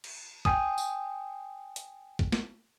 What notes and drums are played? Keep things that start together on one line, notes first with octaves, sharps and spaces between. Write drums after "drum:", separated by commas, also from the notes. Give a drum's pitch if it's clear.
drum: cymbal
G5 G#5 D#6, drum: kick
drum: tambourine
drum: hi-hat
drum: kick
drum: snare